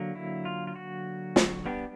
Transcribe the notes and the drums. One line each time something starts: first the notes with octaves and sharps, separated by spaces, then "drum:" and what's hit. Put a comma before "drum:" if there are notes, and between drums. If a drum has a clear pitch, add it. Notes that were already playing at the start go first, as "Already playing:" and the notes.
Already playing: D3 F#3 A#3
E4
F4
F4
F#4
drum: snare
G3 B3 D4 G4